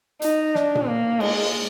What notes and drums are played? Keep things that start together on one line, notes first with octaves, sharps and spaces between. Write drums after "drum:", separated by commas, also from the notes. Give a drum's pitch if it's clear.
D#4, drum: hi-hat
D4, drum: snare
drum: tom A#2
A#3
G#3, drum: cymbal